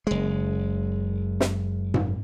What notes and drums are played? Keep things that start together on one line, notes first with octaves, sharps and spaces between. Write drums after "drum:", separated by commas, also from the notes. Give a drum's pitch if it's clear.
F#1 G#3
drum: snare
drum: tom G#2